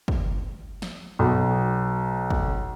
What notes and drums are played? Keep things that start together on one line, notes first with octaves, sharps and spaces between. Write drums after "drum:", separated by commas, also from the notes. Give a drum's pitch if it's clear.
drum: kick
drum: snare
B1
drum: kick